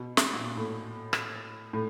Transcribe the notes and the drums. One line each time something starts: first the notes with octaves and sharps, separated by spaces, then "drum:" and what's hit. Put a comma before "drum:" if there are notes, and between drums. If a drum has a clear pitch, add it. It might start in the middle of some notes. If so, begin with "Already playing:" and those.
Already playing: B2
drum: snare
A#2
A2
drum: rim click
A2